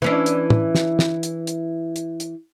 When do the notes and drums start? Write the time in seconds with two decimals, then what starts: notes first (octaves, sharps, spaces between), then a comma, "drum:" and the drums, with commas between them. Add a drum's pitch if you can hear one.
0.02 E3 C#4 D4
0.26 drum: hi-hat
0.50 drum: tom
0.75 drum: snare
0.99 drum: snare
1.23 drum: hi-hat
1.47 drum: hi-hat
1.96 drum: hi-hat
2.20 drum: hi-hat